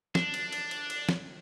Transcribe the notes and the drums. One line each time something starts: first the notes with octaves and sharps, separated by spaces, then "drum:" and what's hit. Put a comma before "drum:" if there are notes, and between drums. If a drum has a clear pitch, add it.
D4, drum: snare
drum: cymbal
drum: cymbal
drum: cymbal
drum: cymbal
drum: snare